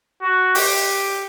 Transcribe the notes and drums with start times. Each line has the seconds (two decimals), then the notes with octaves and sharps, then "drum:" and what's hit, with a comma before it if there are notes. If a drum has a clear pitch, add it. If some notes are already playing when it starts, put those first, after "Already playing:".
0.22 F#4
0.55 G4, drum: open hi-hat